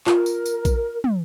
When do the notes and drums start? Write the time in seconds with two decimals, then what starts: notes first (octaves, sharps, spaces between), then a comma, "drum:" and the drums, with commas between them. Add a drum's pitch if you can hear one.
0.07 F4 A#4, drum: clap
0.26 drum: tambourine
0.46 drum: tambourine
0.65 drum: kick A#1, tambourine
1.04 drum: tom